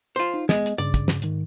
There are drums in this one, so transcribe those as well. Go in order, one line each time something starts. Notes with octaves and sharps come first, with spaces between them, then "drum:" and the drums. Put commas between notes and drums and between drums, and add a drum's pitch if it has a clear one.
F4 C5
D#4
G#3 B3, drum: snare
drum: hi-hat
G2 C#3 D5
drum: kick, hi-hat
drum: snare
G#2 D#3, drum: hi-hat